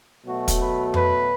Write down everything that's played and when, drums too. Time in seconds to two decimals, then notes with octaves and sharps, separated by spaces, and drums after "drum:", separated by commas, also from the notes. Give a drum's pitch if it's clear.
0.25 B2 F#3 A3 F#4
0.48 drum: kick, hi-hat
0.59 B4
0.94 B4, drum: tom F2